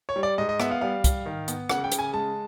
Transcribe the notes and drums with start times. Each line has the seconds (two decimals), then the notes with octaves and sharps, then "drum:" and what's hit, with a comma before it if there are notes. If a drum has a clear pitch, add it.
0.09 C#5
0.16 G3
0.23 D5
0.38 G#2 D#5
0.49 D#5
0.60 B3 E5, drum: rim click
0.71 F5
0.81 G3 F5
1.04 G3, drum: kick, hi-hat
1.26 D#3
1.48 B3, drum: hi-hat
1.70 C#3 F#5, drum: rim click
1.84 G5
1.92 C#3, drum: hi-hat
1.99 G#5
2.13 G#3 A5